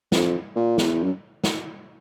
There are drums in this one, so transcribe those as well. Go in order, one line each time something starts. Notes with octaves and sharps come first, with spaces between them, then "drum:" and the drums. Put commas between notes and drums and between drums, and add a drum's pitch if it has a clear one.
F2, drum: snare
A#2
E2, drum: snare
F#2
drum: snare